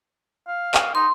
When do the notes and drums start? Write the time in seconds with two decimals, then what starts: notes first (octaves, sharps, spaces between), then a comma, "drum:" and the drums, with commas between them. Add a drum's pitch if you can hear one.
0.48 F5
0.74 drum: clap
0.95 D#4 C6